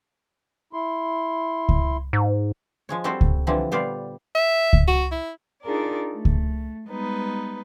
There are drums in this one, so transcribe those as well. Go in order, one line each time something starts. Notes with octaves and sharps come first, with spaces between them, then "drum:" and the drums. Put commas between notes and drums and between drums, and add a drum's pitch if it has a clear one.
E4 C6
drum: kick C#2
G#2
F3 G#3 C#5
G3 C4 F#4 A4 C5
drum: kick C#2
D3 E3 F3 G3 C4
A#2 G3 B3 C5 D5 F5
E5
drum: kick C#2
F#4
E4
D4 D#4 F4 G#4 A#4 D5
A3
drum: kick C#2
G3 G#3 B3 D#4 B4